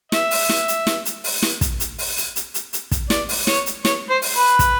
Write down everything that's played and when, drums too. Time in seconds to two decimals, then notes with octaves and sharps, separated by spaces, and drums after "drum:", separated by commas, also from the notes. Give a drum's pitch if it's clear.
0.12 E5, drum: snare
0.31 drum: open hi-hat
0.49 drum: snare
0.68 drum: hi-hat
0.87 drum: snare
1.05 drum: hi-hat
1.24 drum: open hi-hat
1.42 drum: snare
1.61 drum: kick, hi-hat
1.80 drum: hi-hat
1.98 drum: open hi-hat
2.17 drum: hi-hat
2.36 drum: hi-hat
2.54 drum: hi-hat
2.73 drum: hi-hat
2.91 drum: kick, hi-hat
3.10 D5, drum: snare
3.29 drum: open hi-hat
3.47 C#5, drum: snare
3.66 drum: hi-hat
3.85 C#5, drum: snare
4.10 C5
4.22 drum: open hi-hat
4.34 B4
4.59 drum: kick, hi-hat